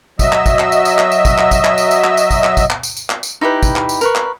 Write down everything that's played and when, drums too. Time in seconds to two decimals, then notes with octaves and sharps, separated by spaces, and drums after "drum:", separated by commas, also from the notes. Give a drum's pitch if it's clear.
0.19 F#3 D#5 E5 E6, drum: kick, tambourine
0.33 drum: clap
0.46 drum: kick, tambourine
0.59 drum: clap
0.72 drum: tambourine
0.85 drum: tambourine
0.99 drum: clap
1.12 drum: tambourine
1.25 drum: kick, tambourine
1.38 drum: clap
1.51 drum: kick, tambourine
1.65 drum: clap
1.78 drum: tambourine
1.91 drum: tambourine
2.04 drum: clap
2.17 drum: tambourine
2.31 drum: kick, tambourine
2.44 drum: clap
2.57 drum: kick, tambourine
2.70 drum: clap
2.83 drum: tambourine
2.97 drum: tambourine
3.10 drum: clap
3.23 drum: tambourine
3.41 D#4 E4 G4 B4
3.63 drum: kick, tambourine
3.76 drum: clap
3.89 drum: tambourine
4.01 A#4 B4 C#6, drum: tambourine
4.15 drum: clap